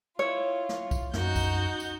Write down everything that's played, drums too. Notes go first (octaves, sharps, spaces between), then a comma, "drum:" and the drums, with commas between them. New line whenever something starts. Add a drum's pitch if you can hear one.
E4 F4 C#5
drum: snare
drum: kick, tambourine
F#2 D#4 F#4 G6, drum: snare
drum: kick, tambourine
drum: tambourine